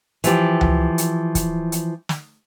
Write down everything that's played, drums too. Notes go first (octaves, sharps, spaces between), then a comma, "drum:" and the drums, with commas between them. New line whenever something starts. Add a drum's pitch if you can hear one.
E3 F3 G4, drum: hi-hat
drum: tom C#2
drum: hi-hat
drum: kick, hi-hat
drum: hi-hat
drum: snare